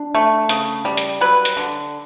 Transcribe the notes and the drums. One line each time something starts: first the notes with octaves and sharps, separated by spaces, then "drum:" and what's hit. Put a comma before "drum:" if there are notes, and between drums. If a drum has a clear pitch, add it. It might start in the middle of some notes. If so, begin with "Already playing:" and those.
Already playing: D4
A3
C#3, drum: hi-hat
G3
drum: hi-hat
F#3 B4
drum: hi-hat
D3